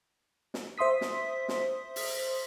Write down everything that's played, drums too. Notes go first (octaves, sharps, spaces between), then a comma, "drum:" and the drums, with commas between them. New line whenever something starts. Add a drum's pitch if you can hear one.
drum: snare
C5 E5 C6 D#6 B6
drum: snare
drum: snare
drum: open hi-hat